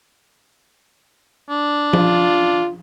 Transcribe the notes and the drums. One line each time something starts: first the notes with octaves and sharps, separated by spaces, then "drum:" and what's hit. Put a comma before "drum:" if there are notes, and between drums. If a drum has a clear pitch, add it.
D4
F4, drum: tom F3